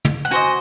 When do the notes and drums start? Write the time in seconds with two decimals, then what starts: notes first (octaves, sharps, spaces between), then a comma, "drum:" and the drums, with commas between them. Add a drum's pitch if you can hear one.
0.05 drum: tom
0.25 F#5
0.31 F#4 C5 D#5 G#5